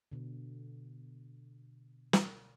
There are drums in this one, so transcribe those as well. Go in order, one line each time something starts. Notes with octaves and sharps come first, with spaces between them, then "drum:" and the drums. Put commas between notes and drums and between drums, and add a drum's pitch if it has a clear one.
B2 D3
drum: snare